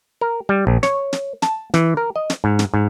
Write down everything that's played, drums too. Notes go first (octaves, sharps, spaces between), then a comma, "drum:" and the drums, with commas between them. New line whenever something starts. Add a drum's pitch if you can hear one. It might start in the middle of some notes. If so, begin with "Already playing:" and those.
A#4
G3
A#1
C#5, drum: snare
drum: snare
A5, drum: snare
E3, drum: snare
A#4
D#5
drum: snare
G#2
drum: snare
G#2